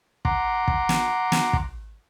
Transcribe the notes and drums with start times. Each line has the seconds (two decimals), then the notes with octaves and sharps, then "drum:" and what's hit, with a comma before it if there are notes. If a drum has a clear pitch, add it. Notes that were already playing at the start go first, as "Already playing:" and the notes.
0.25 F#5 A#5 C6 D6, drum: kick
0.68 drum: kick
0.89 drum: snare
1.32 drum: snare
1.53 drum: kick